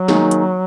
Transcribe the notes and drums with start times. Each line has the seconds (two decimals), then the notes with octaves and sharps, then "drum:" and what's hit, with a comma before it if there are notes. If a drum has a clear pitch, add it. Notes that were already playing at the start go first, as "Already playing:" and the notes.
Already playing: F#3
0.08 D#3 A#3 D#4 G#4, drum: snare
0.31 drum: hi-hat